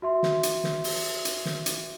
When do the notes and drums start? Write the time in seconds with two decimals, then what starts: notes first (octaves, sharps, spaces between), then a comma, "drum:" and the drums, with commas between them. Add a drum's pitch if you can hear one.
0.02 F#4 E5 C6
0.23 drum: snare
0.43 drum: hi-hat
0.64 drum: snare
0.84 drum: open hi-hat
1.25 drum: hi-hat
1.45 drum: snare
1.66 drum: hi-hat